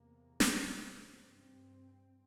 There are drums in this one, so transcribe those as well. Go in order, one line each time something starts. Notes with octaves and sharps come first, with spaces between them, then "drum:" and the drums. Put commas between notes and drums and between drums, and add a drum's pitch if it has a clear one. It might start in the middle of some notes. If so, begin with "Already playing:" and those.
Already playing: E2 C3 A#3
drum: snare
E2 C3 C4
G2 C4